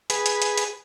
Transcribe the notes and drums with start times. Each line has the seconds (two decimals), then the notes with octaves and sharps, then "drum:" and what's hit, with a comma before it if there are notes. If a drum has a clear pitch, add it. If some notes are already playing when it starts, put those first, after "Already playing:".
0.10 G#4 B4, drum: hi-hat
0.26 drum: hi-hat
0.42 drum: hi-hat
0.58 drum: hi-hat